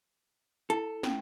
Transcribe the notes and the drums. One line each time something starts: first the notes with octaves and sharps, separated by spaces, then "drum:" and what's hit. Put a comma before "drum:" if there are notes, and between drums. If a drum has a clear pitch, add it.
E4 A4, drum: hi-hat
C#4, drum: snare